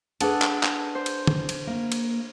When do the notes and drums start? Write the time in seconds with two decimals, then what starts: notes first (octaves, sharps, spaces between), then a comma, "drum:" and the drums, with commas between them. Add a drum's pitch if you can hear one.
0.21 D4 G#4 A4 B4 F#5 A5, drum: cymbal
0.42 drum: clap
0.63 drum: clap
0.95 C5
1.06 drum: cymbal
1.27 drum: tom
1.49 drum: cymbal
1.67 A#3
1.92 drum: cymbal